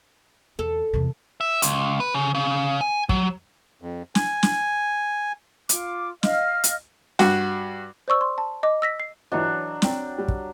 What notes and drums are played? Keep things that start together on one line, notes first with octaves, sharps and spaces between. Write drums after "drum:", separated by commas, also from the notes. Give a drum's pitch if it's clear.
E2 A4
E2 C3
E5
C#2, drum: hi-hat
B4
C#3
C#3
G#5
F#3, drum: kick
F2
G#5, drum: snare
drum: snare
F4 D6, drum: hi-hat
D#5 F5 F6, drum: snare
drum: hi-hat
G2 F#4, drum: snare
C5 D5 C#6 E6
C6
A5
D#5 D6
E6 A#6 B6
C7
E3 F#3 D4 C#5 D#5
C4 D5 G5, drum: snare
G3
drum: kick